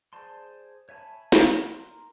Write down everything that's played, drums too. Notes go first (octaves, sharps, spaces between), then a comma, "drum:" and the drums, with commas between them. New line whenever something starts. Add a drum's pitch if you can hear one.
G#4 C5 D5 A5 C6
C#5 E5 G#5 A5 B5
F#4, drum: snare
A#4 C6